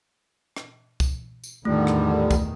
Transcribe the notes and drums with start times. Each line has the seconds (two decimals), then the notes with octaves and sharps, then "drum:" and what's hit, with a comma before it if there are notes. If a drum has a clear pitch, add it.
0.56 drum: rim click
1.00 drum: kick C2, tambourine
1.44 drum: tambourine
1.65 E2 A2 D3 D#3 G3 A3 F4
1.87 drum: rim click
2.31 drum: kick C2, tambourine